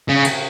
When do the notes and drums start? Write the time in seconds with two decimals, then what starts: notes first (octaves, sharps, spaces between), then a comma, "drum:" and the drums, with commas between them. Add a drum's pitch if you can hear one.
0.09 C#3
0.25 drum: cymbal